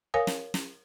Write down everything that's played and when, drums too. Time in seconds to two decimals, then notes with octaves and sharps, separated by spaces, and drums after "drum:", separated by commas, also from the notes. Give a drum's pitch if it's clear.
0.14 A#4 C#5 F5 G#5 D#6
0.27 drum: snare
0.54 drum: snare